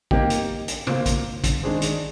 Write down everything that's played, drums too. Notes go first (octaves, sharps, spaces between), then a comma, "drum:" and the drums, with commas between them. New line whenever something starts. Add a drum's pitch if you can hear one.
A#3 D#4 G4, drum: kick
drum: hi-hat
drum: hi-hat
A#3 F4 C5, drum: tom C3
drum: kick, hi-hat
drum: kick, hi-hat
D#3 G#3 D4 G#4 C5
drum: hi-hat